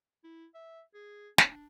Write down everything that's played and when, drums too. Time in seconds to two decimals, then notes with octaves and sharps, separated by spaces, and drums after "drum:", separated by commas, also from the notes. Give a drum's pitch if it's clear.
0.24 E4
0.55 E5
0.94 G#4
1.38 C#4, drum: snare
1.51 D4